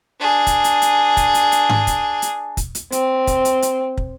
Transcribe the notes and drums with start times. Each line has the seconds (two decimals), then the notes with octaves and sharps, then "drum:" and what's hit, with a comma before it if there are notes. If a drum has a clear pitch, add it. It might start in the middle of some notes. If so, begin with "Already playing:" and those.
0.20 D4 G#4
0.47 drum: kick, hi-hat
0.64 drum: hi-hat
0.82 drum: hi-hat
1.17 drum: kick, hi-hat
1.34 drum: hi-hat
1.52 drum: hi-hat
1.69 drum: tom G#2
1.87 drum: kick, hi-hat
2.22 drum: hi-hat
2.57 drum: kick, hi-hat
2.75 drum: hi-hat
2.92 C4, drum: hi-hat
3.27 drum: kick, hi-hat
3.45 drum: hi-hat
3.62 drum: hi-hat
3.97 drum: kick